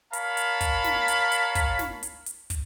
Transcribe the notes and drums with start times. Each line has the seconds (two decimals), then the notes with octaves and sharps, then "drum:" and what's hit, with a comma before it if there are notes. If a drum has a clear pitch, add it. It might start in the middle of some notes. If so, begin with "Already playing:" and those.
0.13 A#4 C#5 F5 A5 B5, drum: hi-hat
0.37 drum: hi-hat
0.61 drum: kick, hi-hat
0.84 drum: snare
1.08 drum: hi-hat
1.32 drum: hi-hat
1.55 drum: kick, hi-hat
1.79 drum: snare
2.03 drum: hi-hat
2.26 drum: hi-hat
2.50 drum: kick, hi-hat